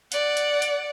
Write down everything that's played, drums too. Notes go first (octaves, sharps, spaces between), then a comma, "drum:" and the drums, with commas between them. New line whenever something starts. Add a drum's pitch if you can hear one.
D5 F#5, drum: hi-hat
drum: hi-hat
drum: hi-hat